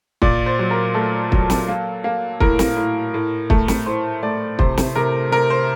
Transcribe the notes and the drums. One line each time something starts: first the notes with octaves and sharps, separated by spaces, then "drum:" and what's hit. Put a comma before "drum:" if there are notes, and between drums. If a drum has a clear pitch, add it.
A#2 D5, drum: kick
C5
F#3
A#4
A3 A4
F#3, drum: kick
drum: snare
A#3
A#3
A2 A#4, drum: kick
drum: snare
A2
A2
A3, drum: kick
drum: snare
A2 C5
A3 D5
C3 C5, drum: kick
drum: snare
C3 A#4
C3 A#4
C5